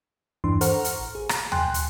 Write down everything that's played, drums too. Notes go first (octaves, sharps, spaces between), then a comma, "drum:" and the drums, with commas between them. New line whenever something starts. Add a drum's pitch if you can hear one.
E2 G2 E3 D4 C6
A4 C5 F#5 A#5 C#6 F6, drum: hi-hat
drum: hi-hat
A1
G#4
drum: rim click
G5 G#5 C6 F#6, drum: tom
drum: hi-hat